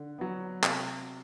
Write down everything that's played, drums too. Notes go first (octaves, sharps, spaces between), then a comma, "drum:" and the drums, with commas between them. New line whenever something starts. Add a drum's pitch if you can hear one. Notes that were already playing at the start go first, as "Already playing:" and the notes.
Already playing: D3
F#3 B3
C3, drum: clap